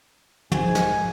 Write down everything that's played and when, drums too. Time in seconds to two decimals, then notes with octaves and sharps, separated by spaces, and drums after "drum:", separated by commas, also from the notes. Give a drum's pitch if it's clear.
0.52 G#2 G#5, drum: tom
0.75 drum: snare